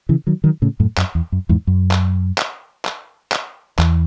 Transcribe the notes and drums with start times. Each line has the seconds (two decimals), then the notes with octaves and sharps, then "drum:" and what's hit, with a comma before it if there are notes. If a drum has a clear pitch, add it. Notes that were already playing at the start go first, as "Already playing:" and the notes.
0.09 C#3 E3
0.27 D#3 F#3
0.44 D#3 F#3
0.62 A2 C#3
0.80 F#2 A2
0.97 F#2, drum: clap
1.15 E2
1.32 F#2
1.49 E2 G#2
1.67 F#2
1.91 drum: clap
2.38 drum: clap
2.85 drum: clap
3.32 drum: clap
3.78 E2, drum: clap